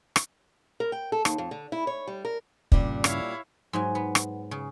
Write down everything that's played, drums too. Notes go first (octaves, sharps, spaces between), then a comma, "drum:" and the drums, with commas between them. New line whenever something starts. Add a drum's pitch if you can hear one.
drum: rim click
A#4
G5
A4
D#2, drum: rim click
F2
D3
E4
C#5
G3
A#4
G2 A#2 C#3 G3 D4, drum: kick
E4 C#5 F5, drum: rim click
G#2 F#3 G#5
B3
drum: rim click
C#3